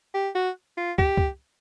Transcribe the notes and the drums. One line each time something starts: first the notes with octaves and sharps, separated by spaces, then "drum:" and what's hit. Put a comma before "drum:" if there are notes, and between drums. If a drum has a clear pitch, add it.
G4
F#4
F4
G4, drum: kick
drum: kick